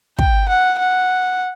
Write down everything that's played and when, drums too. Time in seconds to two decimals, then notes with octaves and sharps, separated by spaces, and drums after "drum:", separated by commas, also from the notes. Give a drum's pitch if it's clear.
0.19 G5, drum: kick
0.49 F#5
0.79 F#5